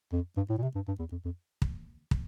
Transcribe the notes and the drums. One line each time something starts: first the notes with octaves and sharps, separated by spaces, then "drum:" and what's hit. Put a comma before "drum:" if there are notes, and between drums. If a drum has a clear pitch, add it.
F2
G2
A2
A#2
C3
G2
G2
E2
F2
F2
drum: kick
drum: kick